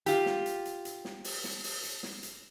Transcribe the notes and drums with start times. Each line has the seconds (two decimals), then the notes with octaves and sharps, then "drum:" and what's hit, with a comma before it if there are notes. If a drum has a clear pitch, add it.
0.06 F4 G4, drum: hi-hat
0.26 drum: snare
0.46 drum: hi-hat
0.65 drum: hi-hat
0.85 drum: hi-hat
1.05 drum: snare
1.24 drum: open hi-hat
1.44 drum: snare
1.64 drum: open hi-hat
1.83 drum: hi-hat
2.03 drum: snare
2.23 drum: hi-hat